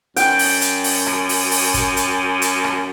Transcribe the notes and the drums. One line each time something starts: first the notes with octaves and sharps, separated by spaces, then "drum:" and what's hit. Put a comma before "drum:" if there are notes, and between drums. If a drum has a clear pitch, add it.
F#2 G5, drum: hi-hat
drum: open hi-hat
drum: hi-hat
drum: open hi-hat
drum: rim click
drum: open hi-hat
drum: open hi-hat
drum: kick, hi-hat
drum: hi-hat
drum: hi-hat
drum: rim click